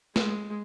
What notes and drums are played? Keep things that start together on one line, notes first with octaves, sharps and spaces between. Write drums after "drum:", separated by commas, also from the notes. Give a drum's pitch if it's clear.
G#3, drum: snare